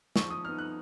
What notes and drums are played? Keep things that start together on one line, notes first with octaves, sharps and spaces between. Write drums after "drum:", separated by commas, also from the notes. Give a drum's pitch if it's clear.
F3 C#6, drum: snare
D#6
B3 D#4 F6
F#6